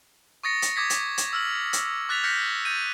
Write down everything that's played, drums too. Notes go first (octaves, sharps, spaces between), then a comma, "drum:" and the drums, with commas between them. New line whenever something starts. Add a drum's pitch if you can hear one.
C#6 D#6 A6 A#6 C#7
drum: hi-hat
D6 D#6 G#6 A6 B6
drum: hi-hat
drum: hi-hat
E6 F6 F#7
drum: hi-hat
D6 F#6 A6 B6 F7
F6 G6 A#6 B6 C#7
G6 A6 D#7